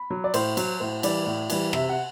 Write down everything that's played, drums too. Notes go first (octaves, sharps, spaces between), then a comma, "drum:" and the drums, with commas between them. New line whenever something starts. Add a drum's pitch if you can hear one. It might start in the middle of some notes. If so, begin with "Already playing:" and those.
Already playing: B5
F#3
D5
A2 C5, drum: cymbal
F#3, drum: cymbal
A2 C5
E3 G3 D5, drum: cymbal
A2
E3 G3, drum: cymbal
C3 E5, drum: rim click
F#5